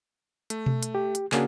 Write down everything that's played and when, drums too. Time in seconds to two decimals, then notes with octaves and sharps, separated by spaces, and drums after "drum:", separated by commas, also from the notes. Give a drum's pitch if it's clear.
0.50 A3, drum: hi-hat
0.66 drum: tom B2
0.83 drum: hi-hat
0.95 G4
1.15 drum: hi-hat
1.32 C#3 A#3 C#4 D4 F#4 G#4, drum: clap